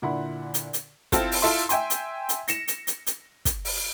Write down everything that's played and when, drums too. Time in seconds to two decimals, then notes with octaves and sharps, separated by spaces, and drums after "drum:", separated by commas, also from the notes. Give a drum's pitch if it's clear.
0.02 A#2 D3 E4 F#5 B5 C6
0.54 drum: hi-hat
0.73 drum: hi-hat
1.12 C4 E4 F4 A4 C5, drum: kick, hi-hat
1.32 drum: open hi-hat
1.42 E4 F4 A4 E5 C6
1.69 E5 G5 G#5 C6, drum: hi-hat
1.90 drum: hi-hat
2.29 drum: hi-hat
2.48 A#6 C#7 E7, drum: hi-hat
2.68 drum: hi-hat
2.87 drum: hi-hat
3.06 drum: hi-hat
3.45 drum: kick, hi-hat
3.65 drum: open hi-hat